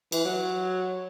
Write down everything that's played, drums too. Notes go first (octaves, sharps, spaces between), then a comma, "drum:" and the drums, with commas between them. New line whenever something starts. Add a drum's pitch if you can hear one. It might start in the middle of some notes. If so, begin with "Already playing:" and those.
E3, drum: cymbal
F#3